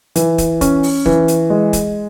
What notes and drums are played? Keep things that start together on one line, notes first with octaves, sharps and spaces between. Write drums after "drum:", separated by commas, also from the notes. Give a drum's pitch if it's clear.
E3, drum: hi-hat
drum: kick, hi-hat
C#4, drum: kick, hi-hat
drum: open hi-hat
E3, drum: kick
drum: hi-hat
G#3
drum: kick, hi-hat